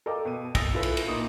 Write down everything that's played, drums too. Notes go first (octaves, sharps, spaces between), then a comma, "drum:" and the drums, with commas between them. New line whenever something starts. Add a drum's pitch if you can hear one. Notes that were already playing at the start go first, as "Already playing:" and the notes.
A4 A#4 D#5 F5 G5 D6
B2 D#7
D#6 E6 A6 A#6 D7 F7, drum: kick, cymbal
C#4 E4 F4 A4 B4
drum: cymbal
drum: cymbal
A#2 D#4 D#6 C#7